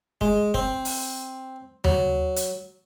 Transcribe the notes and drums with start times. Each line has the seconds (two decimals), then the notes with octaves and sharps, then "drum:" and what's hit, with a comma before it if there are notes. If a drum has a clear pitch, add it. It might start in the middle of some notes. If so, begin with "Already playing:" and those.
0.21 G#3, drum: kick
0.54 C4, drum: kick
0.85 drum: open hi-hat
1.84 F#3, drum: tom D#2
2.36 drum: hi-hat